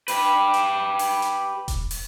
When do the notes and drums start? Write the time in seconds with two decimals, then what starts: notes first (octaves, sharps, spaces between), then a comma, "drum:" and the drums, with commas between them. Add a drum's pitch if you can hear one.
0.08 G4 B4, drum: open hi-hat
0.54 drum: hi-hat
0.99 drum: open hi-hat
1.22 drum: hi-hat
1.68 drum: kick E1, hi-hat
1.91 drum: open hi-hat